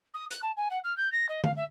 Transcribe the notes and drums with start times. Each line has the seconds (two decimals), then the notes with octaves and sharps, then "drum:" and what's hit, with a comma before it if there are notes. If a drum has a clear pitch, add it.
0.14 D#6
0.30 F#6, drum: hi-hat
0.42 A5
0.56 G#5
0.70 F#5
0.84 F6
0.97 G6
1.12 A#6
1.29 D#5
1.44 F5, drum: tom D3
1.56 E5